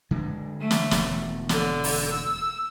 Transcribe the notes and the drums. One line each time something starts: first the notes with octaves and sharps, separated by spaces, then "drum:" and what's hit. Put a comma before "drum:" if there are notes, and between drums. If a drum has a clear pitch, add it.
D3 G#3
A3
drum: snare
E1 D2 B3, drum: snare
D3, drum: snare
drum: open hi-hat
E6